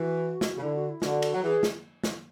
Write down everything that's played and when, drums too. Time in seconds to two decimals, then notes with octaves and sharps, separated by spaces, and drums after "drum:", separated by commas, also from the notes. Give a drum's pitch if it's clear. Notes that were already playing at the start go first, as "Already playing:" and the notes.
Already playing: E3 F#4
0.41 drum: snare
0.56 C#3
0.61 D3 E4
0.75 F#4
0.89 E4
1.02 D3 F#4, drum: snare
1.22 drum: cymbal
1.33 F#3
1.42 E3 G#4
1.63 drum: snare
2.04 drum: snare